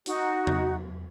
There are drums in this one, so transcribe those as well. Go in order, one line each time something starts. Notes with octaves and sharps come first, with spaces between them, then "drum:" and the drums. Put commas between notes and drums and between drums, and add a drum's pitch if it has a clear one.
D#4 F#4, drum: hi-hat
drum: tom